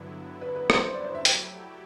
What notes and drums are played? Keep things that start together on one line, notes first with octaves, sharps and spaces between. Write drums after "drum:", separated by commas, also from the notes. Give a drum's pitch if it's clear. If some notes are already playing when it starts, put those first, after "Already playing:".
Already playing: G2 D3 F#3 B3 E4
B4
B4
C5, drum: rim click
C5
D5
C5
E5
F#3 A3 E4 G4 G5, drum: hi-hat